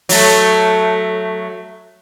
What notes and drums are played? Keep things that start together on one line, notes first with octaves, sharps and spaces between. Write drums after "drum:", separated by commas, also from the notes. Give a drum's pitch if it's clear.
F#3 A3, drum: open hi-hat